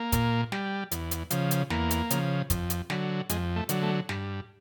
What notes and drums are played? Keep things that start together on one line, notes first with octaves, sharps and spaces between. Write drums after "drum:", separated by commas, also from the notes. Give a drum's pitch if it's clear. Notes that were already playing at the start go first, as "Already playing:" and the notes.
Already playing: A#3
A#2, drum: kick, hi-hat
G3, drum: snare
E2, drum: hi-hat
drum: hi-hat
C#3 F3, drum: hi-hat
drum: hi-hat
E2 A#3, drum: snare
drum: hi-hat
C#3 F3, drum: hi-hat
F2, drum: kick, hi-hat
drum: hi-hat
D3 F#3, drum: snare
F2 G#3, drum: hi-hat
A3
D3 F#3, drum: hi-hat
A3
G2, drum: snare